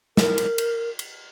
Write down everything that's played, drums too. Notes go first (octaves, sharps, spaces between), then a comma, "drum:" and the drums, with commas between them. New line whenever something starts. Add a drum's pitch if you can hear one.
A#4, drum: snare
drum: cymbal
drum: cymbal
drum: cymbal